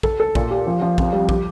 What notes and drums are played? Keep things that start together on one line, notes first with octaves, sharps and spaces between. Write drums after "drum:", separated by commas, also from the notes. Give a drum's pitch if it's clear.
A4, drum: kick
A4
A#2, drum: kick
G4
F3
F3
F2, drum: kick
G3
G4, drum: kick